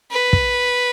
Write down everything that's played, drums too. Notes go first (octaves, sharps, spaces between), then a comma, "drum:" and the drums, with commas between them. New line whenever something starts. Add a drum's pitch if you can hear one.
B4
drum: kick